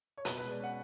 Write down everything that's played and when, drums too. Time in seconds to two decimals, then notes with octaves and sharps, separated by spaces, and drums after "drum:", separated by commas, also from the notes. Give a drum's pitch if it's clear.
0.17 C#5
0.25 B2 B4, drum: hi-hat
0.38 G#3 B4
0.51 D5
0.59 C#4 F#5